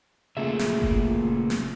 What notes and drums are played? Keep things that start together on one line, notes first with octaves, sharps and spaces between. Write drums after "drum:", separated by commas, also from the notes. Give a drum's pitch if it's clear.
A#2 C#3 A3 G#4 E5
drum: snare
drum: kick F#1
drum: snare